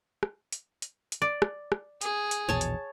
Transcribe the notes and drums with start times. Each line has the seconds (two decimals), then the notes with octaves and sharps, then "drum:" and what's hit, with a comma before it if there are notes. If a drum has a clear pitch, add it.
0.23 drum: rim click
0.52 drum: hi-hat
0.82 drum: hi-hat
1.12 drum: hi-hat
1.22 D5
1.42 drum: rim click
1.72 drum: rim click
2.01 G#4, drum: hi-hat
2.31 drum: hi-hat
2.49 A#1 E2 B2 C#5 A5
2.61 drum: hi-hat